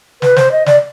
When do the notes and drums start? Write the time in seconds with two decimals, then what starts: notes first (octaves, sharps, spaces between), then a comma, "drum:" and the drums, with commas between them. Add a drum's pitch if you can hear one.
0.22 B4, drum: snare
0.36 C5, drum: snare
0.52 D#5
0.66 D5, drum: snare